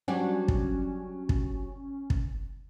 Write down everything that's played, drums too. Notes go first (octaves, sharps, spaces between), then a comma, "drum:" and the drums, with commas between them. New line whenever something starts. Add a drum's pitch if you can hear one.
F#3 G3 C#4 D4
drum: kick
drum: kick
drum: kick